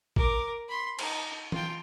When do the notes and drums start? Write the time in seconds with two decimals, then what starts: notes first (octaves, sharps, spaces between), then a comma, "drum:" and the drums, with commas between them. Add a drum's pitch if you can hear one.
0.16 A#4 D6, drum: kick
0.68 B5 C6
0.99 D#4, drum: cymbal
1.52 F4 G5, drum: tom E3